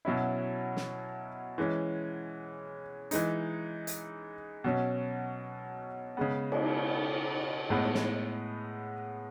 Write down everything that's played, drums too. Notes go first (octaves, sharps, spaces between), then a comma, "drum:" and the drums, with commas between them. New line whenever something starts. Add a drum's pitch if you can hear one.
B2 F#3 C#4 E4
drum: snare
E3 G#3 C#4
E3 G#3 D#4, drum: hi-hat
drum: hi-hat
B2 F#3 C#4
C#3 G#3 B3
drum: cymbal
A2 G#3 B3
drum: snare